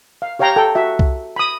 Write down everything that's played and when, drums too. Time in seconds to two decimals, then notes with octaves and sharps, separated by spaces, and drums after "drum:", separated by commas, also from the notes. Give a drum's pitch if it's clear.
0.22 F5
0.39 G4 C#5 F5 G5 A#5
0.56 A4 G5
0.75 F#4 E5
0.99 drum: kick C2
1.36 B5 D#6